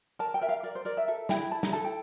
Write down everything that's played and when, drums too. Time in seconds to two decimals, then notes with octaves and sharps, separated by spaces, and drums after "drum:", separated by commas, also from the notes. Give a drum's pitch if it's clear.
0.19 A#4 A5
0.34 G5
0.41 A#4 E5
0.49 F5
0.63 A#4 D5
0.75 C5
0.85 A#4 D5
0.97 E5
1.08 A4 E5
1.29 E4 G5, drum: snare
1.51 E4 A5
1.63 A#5, drum: snare
1.73 A4 A5
1.84 G5